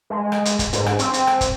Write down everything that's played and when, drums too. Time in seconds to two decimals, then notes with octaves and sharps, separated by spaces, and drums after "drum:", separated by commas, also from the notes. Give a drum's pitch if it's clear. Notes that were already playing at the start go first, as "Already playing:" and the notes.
0.10 G#3
0.32 drum: rim click
0.45 drum: hi-hat
0.59 drum: kick, hi-hat
0.73 G#2, drum: hi-hat
0.86 drum: rim click
0.99 C4, drum: hi-hat
1.14 drum: hi-hat
1.27 drum: rim click
1.41 drum: kick, hi-hat